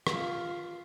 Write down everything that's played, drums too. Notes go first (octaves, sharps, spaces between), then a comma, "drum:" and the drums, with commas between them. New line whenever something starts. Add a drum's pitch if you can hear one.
F4, drum: rim click